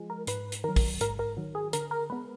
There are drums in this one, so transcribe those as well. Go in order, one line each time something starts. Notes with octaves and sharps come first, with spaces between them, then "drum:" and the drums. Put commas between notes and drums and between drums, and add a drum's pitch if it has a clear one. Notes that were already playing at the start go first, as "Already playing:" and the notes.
Already playing: F3 G#3
A#4
G#2 B4, drum: hi-hat
drum: hi-hat
D#3 F#3 A#4
drum: kick, open hi-hat
G#2 A#4, drum: hi-hat
A#4
D#3 F#3
G#4
D3 A#4, drum: hi-hat
A#4
G#3 B3 B4